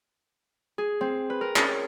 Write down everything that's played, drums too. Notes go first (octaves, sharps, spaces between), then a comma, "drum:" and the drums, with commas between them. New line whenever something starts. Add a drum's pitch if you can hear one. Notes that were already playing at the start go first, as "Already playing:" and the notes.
G#4
C4
B4
A#4
C#4, drum: clap